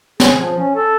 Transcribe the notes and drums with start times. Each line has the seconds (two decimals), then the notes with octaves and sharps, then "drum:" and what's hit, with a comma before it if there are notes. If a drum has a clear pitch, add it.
0.20 G#4, drum: snare
0.39 F3
0.58 C#4
0.75 A4